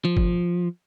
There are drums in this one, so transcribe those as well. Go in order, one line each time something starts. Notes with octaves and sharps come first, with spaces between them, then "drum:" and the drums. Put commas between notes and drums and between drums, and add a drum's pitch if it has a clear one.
F3
drum: kick G1